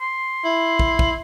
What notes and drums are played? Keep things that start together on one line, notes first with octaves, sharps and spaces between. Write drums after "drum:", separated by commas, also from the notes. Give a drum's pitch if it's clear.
C6
E4
drum: kick
drum: kick